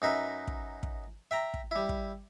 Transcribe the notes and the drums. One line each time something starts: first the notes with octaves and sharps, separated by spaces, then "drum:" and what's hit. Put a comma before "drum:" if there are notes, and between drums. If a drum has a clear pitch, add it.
F#2 D#4 B4 E5
drum: kick
drum: kick
E5 G5 A#5
drum: kick
G3 E4
drum: kick